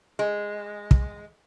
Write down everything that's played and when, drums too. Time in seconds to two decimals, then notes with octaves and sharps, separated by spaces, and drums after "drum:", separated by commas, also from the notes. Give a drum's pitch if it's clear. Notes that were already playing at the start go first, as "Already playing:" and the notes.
0.19 G#3
0.91 drum: kick